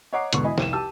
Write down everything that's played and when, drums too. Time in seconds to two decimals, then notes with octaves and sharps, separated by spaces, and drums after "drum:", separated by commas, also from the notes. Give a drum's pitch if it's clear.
0.13 C#5 D#5 F#5 A#5 D6 C7
0.33 E1 G#2 D3 B3 C#6, drum: hi-hat
0.44 E4 D#5 G#5 B5
0.58 F1 C2 D#7 E7, drum: snare
0.73 G4 A5 E6